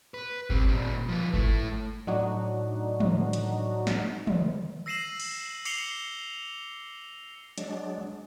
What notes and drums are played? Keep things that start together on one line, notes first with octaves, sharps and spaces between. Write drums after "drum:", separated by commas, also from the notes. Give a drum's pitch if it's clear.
B4
G3 C4, drum: kick G1
A#2 G3
F3 B4
A3 E4, drum: kick G1
A2 F#3 D4 D#4 F#4
drum: tom
drum: hi-hat
drum: snare
drum: tom
E6 A#6 C7 D#7 E7 F#7
drum: cymbal
D6 C7 C#7 F7 G7, drum: cymbal
F#3 G#3 D4, drum: hi-hat